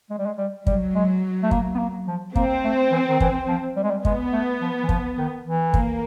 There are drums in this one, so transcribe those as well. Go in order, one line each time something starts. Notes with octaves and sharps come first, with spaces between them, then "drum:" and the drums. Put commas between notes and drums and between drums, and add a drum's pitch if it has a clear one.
G#3
G3
G#3
G3
F#3 G3, drum: kick
G#3
A3
A#3, drum: kick
B3
A#3
F3
A#3 C4, drum: kick
A3
E3
D#3
E3, drum: kick
F3
G3
G#3
G3
G#3 B3, drum: kick
A3
F3
E3
F3, drum: kick
D#3
E3
A#3, drum: kick